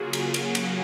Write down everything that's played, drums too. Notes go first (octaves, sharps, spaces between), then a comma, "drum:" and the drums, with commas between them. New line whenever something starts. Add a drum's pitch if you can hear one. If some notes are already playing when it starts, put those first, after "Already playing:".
Already playing: C#3 F#3 A#3 F4 F#4 G#4
F4 G#4, drum: cymbal
drum: cymbal
drum: cymbal